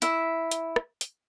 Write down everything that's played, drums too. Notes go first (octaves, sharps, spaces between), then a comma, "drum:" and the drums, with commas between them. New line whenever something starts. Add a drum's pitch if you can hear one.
E4 E5, drum: hi-hat
drum: hi-hat
drum: rim click
drum: hi-hat